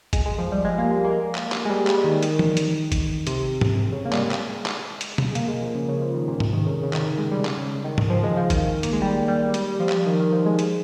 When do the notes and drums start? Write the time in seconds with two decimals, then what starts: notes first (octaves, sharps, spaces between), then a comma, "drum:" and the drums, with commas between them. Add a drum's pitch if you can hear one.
0.13 G#3, drum: kick, hi-hat
0.26 G#3
0.38 F3
0.52 G3
0.65 G#3
0.78 A#3
0.91 G#3
1.05 A#3
1.35 drum: clap
1.52 drum: clap
1.65 G#3
1.70 G3
1.87 G3, drum: clap
2.04 D#3
2.23 D#3, drum: hi-hat
2.39 drum: tom E3
2.57 drum: hi-hat
2.92 drum: kick, hi-hat
3.27 C3, drum: hi-hat
3.61 drum: tom G#2
3.78 C3
3.92 C#3
4.05 A#3
4.13 G3, drum: clap
4.17 G#3
4.31 drum: clap
4.66 drum: clap
5.01 drum: hi-hat
5.18 drum: tom B2
5.31 G#3
5.35 A#3, drum: hi-hat
5.48 G#3
5.61 F3
5.75 C#3
5.89 C#3
6.02 F3
6.15 D#3
6.28 A#2
6.40 C3, drum: tom G#2
6.53 D#3
6.67 C#3
6.83 C#3
6.93 D#3, drum: clap
7.18 G#3
7.31 G3
7.39 C3
7.45 C#3, drum: clap
7.57 C#3
7.84 D#3
7.98 D#3, drum: tom G#2
8.10 F3
8.23 G#3
8.37 F3
8.50 D#3, drum: kick, hi-hat
8.83 A#3, drum: hi-hat
8.93 G#3
9.02 G3
9.28 G3
9.54 G3, drum: hi-hat
9.80 F3
9.89 drum: clap
10.06 D#3
10.20 D#3
10.32 F3
10.46 G#3
10.59 drum: hi-hat